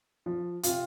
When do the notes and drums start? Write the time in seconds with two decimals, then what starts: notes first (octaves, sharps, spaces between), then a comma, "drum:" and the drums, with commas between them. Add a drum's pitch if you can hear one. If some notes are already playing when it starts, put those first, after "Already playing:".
0.26 F3
0.63 C3 F4, drum: hi-hat